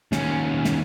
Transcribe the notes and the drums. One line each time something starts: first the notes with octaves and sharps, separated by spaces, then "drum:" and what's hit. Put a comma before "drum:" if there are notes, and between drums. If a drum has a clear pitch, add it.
D#2 C#4, drum: snare
drum: snare